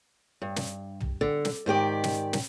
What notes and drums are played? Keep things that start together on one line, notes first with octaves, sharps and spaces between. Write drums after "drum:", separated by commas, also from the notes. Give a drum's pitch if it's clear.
G2
drum: snare
drum: tom
D3
drum: snare
G#2 D#3 G4 D5
drum: snare
drum: snare